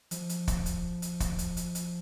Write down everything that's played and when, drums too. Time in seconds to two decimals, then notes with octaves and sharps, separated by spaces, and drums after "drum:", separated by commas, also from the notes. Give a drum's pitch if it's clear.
0.11 F3, drum: hi-hat
0.29 drum: hi-hat
0.48 drum: kick, hi-hat
0.66 drum: hi-hat
1.02 drum: hi-hat
1.20 drum: kick, hi-hat
1.38 drum: hi-hat
1.57 drum: hi-hat
1.75 drum: hi-hat